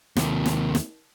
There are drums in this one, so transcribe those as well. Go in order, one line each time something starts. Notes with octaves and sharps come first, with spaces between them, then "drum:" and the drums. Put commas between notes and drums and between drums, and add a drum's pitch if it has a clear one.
D#2 C3, drum: snare
drum: snare
drum: snare